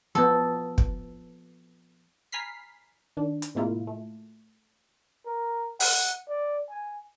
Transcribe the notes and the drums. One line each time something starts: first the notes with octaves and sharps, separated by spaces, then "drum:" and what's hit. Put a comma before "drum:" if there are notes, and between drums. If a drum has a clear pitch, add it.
F3 B3 A4
drum: kick
G#5 A#5 B5 F6 B6 C7
D#3 D4
drum: hi-hat
A2 C3 G#3 A#3 E4 F4
A3
A#4
F#5, drum: open hi-hat
D5
G#5